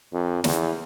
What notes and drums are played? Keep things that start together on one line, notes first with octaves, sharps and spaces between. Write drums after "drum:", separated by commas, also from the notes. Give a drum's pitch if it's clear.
F2
E2, drum: snare